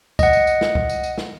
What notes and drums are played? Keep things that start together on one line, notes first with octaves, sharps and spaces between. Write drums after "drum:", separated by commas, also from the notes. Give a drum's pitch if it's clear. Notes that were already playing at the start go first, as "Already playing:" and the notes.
D#5 F#5, drum: kick C2, tambourine
drum: tambourine
drum: tambourine
drum: snare
drum: kick C2
drum: tambourine
drum: tambourine
drum: snare